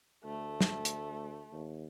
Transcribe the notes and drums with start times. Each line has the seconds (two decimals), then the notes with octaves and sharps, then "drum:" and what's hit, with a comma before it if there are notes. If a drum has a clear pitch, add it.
0.25 D2 A3
0.61 drum: snare
0.85 drum: hi-hat
1.52 D#2